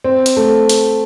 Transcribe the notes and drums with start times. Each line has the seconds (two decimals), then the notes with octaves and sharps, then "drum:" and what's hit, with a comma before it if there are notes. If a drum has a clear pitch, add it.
0.04 C4
0.26 drum: hi-hat
0.37 A3
0.69 drum: hi-hat